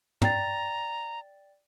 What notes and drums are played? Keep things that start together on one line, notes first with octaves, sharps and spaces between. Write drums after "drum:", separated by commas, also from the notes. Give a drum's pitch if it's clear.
D5 G5 A#5 A6, drum: tom